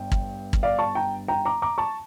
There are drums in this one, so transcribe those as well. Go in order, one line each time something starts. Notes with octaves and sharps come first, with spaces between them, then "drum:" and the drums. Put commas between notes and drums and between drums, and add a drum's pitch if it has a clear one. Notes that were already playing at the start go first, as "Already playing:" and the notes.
Already playing: G1 G2 G5
drum: kick
drum: kick
D5 F5
A5 C#6
G5 A#5
G5 A#5
A#5 D6
A#5 D6
A5 C#6